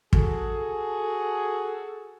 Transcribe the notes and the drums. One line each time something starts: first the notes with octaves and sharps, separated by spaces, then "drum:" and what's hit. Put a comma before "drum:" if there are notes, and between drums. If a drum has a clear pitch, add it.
F#4 G#4 A4, drum: kick